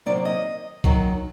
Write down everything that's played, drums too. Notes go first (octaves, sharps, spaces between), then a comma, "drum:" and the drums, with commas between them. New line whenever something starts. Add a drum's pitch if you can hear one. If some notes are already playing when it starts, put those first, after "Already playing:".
C3 D#3 F#3 A#3 D5
D#5
F#2 D#3 F#3, drum: kick B1